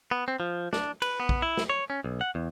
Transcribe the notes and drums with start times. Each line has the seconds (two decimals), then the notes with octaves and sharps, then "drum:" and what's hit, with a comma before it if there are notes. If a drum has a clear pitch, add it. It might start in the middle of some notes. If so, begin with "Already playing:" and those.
0.11 B3
0.28 C4
0.40 F3
0.73 D4, drum: snare
1.02 B4, drum: cymbal
1.20 B3
1.29 drum: kick A#1
1.42 E4
1.57 drum: snare
1.70 C#5
1.90 C#4
2.04 B1
2.21 F#5
2.35 E2